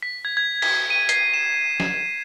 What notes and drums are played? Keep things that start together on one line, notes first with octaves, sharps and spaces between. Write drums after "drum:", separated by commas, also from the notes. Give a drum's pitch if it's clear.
B6
G#6
G#6
B6, drum: cymbal
D#7
C7, drum: hi-hat
E7
drum: snare F3